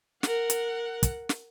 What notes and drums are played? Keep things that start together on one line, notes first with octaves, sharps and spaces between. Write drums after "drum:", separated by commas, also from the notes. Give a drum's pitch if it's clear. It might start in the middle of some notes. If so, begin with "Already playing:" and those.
A#4 F#5, drum: snare
drum: hi-hat
drum: kick, hi-hat
drum: snare